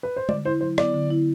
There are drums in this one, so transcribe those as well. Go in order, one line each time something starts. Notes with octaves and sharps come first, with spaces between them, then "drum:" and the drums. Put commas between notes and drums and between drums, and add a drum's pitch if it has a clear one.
B4
C5
D3 D5, drum: tom G#3
E4 C5
F#3 C5
B3 D5, drum: rim click
D3
E4